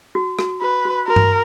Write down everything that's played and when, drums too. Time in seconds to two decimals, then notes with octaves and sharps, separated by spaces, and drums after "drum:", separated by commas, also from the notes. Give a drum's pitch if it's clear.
0.15 F#4
0.39 F#4, drum: rim click
0.61 F#4 B4
0.85 F#4
1.07 F#4 A#4
1.16 drum: tom G2